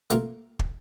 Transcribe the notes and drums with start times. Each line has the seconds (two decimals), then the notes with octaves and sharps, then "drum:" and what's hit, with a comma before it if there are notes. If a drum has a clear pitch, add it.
0.10 A3 A#3 F4 A#4, drum: hi-hat
0.59 drum: kick